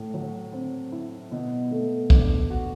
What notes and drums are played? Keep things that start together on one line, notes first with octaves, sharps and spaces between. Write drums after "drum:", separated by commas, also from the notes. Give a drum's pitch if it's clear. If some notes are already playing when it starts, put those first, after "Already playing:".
Already playing: A2
F#3
C4
E4
B2
A3
D4, drum: kick
F#4